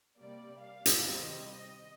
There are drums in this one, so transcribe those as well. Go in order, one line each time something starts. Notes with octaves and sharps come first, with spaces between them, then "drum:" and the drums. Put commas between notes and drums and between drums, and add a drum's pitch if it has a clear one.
C3 G3 A#3 D5
F5
drum: hi-hat
C3 D#3 G3 C4 D#5
D#5